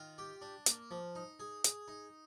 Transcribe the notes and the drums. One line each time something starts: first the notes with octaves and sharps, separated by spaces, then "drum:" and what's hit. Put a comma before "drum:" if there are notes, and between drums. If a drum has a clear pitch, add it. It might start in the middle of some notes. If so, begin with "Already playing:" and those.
Already playing: D#3 F4
G4
D4
A#3, drum: hi-hat
F3
D#4
G#4
G#4, drum: hi-hat
D#4